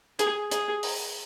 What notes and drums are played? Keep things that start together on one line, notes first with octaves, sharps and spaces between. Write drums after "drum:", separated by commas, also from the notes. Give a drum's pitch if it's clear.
G#4, drum: hi-hat
G#4, drum: hi-hat
drum: open hi-hat